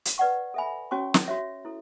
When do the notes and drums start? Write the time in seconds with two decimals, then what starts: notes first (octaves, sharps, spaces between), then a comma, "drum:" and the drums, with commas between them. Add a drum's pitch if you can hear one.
0.05 drum: hi-hat
0.18 B4 D5 F#5 C#6
0.54 A4 E5 G#5 B5
0.91 C#4 F#4 C#5 G#5 C#6
1.14 drum: snare
1.28 F#4 C#5 E5
1.65 E4 A4